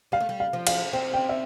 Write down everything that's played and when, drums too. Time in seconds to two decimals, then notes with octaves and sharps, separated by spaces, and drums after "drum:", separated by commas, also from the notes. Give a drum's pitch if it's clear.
0.12 G3 F5
0.20 A3
0.29 G3
0.40 F5
0.53 F3
0.67 F5, drum: cymbal
0.93 C4 G5
1.14 G5
1.29 E5